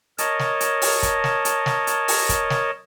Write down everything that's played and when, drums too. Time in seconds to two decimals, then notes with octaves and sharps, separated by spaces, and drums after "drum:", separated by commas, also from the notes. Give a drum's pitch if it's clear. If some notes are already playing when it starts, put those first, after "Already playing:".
0.18 A#4 C#5 D#5 A5, drum: hi-hat
0.39 drum: snare
0.60 drum: hi-hat
0.82 drum: open hi-hat
1.03 drum: kick, hi-hat
1.24 drum: snare
1.45 drum: hi-hat
1.66 drum: snare
1.87 drum: hi-hat
2.08 drum: open hi-hat
2.29 drum: kick, hi-hat
2.50 drum: snare